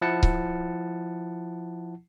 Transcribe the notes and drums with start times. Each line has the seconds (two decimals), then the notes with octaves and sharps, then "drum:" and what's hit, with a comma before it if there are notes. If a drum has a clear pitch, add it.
0.02 F3 E4 F#5 A5 C#7
0.23 drum: kick C#1